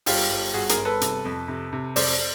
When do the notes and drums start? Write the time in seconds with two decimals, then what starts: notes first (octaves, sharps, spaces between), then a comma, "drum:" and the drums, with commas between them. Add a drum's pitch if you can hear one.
0.06 G1 F4 G4, drum: open hi-hat
0.30 G1
0.54 G1 F#4 G#4
0.69 G#4 A#4, drum: hi-hat
0.77 G1
0.85 A4 B4
1.01 C3, drum: hi-hat
1.25 F2
1.48 C3
1.73 C3
1.96 F2 C5 D5, drum: open hi-hat